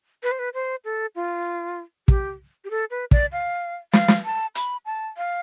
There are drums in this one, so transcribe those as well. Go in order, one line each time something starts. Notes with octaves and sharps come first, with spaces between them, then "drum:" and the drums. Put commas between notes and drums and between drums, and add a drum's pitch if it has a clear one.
B4
C5
B4
C5
A4
F4
G4, drum: kick
G4
A4
B4
D5, drum: kick
F5
F5, drum: snare
drum: snare
A5
B5, drum: hi-hat
A5
F5